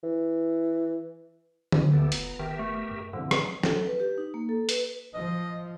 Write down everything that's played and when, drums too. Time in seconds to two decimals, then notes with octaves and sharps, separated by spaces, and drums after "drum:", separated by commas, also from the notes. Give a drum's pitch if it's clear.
0.03 E3
1.72 drum: tom D3
1.93 D2 A3 B3 F4 G4 A4
2.12 F1 A#5, drum: hi-hat
2.39 F#1 D#3 G4 A#4 E5
2.59 A3
2.91 F#2
3.13 E1 C2 G2 D3 F3
3.31 drum: rim click
3.63 A4, drum: snare
3.87 B4
4.00 G4
4.18 D#4
4.34 A#3
4.49 A4
4.69 B4, drum: hi-hat
5.14 F3 D#5